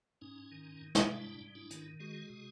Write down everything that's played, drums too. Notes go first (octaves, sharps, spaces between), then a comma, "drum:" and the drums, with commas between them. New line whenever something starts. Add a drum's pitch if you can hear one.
G#2 C#4 D#4
D#3
G#2
drum: snare
G3 D4 E4
G#2
D4 E4
D#3, drum: hi-hat
G#3 F#4 G#4
C3